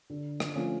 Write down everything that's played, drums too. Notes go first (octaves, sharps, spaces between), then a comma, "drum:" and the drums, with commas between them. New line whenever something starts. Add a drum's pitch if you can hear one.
D3
drum: rim click
F3 A3 C#4 F4